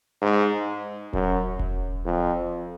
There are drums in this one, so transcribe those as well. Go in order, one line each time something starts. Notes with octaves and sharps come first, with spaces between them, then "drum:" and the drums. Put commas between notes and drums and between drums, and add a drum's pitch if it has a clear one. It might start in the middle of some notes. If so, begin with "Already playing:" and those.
G#2
F#2, drum: kick E1
drum: kick E1
F2